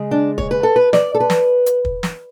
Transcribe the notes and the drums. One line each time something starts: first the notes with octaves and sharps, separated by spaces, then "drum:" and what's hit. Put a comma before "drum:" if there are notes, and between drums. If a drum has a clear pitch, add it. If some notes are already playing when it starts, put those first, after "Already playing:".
Already playing: C#3 G#3
D4
C#5, drum: kick
B4
A4
B4
D5, drum: snare
A4
B4
drum: snare
drum: hi-hat
drum: kick
drum: snare